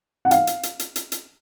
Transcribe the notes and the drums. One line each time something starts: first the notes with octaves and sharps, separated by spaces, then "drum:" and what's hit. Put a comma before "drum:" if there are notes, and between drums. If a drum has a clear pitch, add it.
F#5
F5, drum: hi-hat
drum: hi-hat
drum: hi-hat
drum: hi-hat
drum: hi-hat
drum: hi-hat